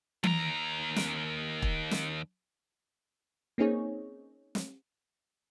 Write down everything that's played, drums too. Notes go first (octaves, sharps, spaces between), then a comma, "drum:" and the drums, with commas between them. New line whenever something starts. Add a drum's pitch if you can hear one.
D#2 A#5, drum: tom E3
drum: snare
drum: kick
drum: snare
A#3 C4 C#4 D#4 G#4 C#5
drum: snare